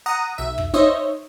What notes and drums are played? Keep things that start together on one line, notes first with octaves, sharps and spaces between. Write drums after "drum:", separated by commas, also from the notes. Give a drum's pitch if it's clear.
F#5 A#5 D#6
B1 E5
drum: kick
D#4 C5 C#5 D#5 E5